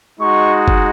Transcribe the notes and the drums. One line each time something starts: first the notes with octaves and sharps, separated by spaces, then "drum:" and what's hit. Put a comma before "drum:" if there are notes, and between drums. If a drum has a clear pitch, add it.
G#3 D#4 F#4 C#6
drum: kick